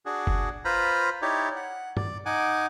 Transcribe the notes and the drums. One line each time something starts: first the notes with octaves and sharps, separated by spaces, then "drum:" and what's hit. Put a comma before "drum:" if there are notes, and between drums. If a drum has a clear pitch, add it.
D4 F#4 G#4
drum: kick F#1
F4 B4 C5 A#5 B5
D#4 E4 G4 C#5 D5
F#5
D5, drum: tom
D#4 F#5 G#5 D6